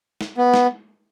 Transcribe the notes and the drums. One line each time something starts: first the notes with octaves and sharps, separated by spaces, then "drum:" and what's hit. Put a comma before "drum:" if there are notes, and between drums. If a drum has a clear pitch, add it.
drum: snare
B3
drum: snare